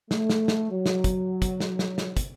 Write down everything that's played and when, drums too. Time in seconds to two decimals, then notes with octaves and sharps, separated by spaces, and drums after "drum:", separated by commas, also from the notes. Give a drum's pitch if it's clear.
0.11 A3, drum: snare
0.30 drum: snare
0.48 drum: snare
0.71 F#3
0.86 drum: snare
1.04 drum: kick, hi-hat
1.42 drum: kick, hi-hat
1.60 drum: snare
1.79 drum: snare
1.98 drum: snare
2.17 drum: kick, hi-hat